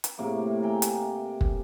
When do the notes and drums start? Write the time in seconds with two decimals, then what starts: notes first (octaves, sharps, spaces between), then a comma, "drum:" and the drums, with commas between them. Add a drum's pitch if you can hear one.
0.04 drum: hi-hat
0.18 A2 C3 A#3 C#6
0.62 G5 G#5 A#5
0.82 drum: hi-hat
1.41 drum: kick